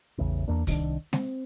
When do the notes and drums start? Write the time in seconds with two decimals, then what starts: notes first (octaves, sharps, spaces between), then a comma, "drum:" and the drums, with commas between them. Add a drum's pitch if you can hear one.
0.18 A1 E2 A2 C#3
0.48 E2 A#3 D4
0.67 C2 D#3 C4 D4, drum: kick, open hi-hat
1.13 C4, drum: snare G#3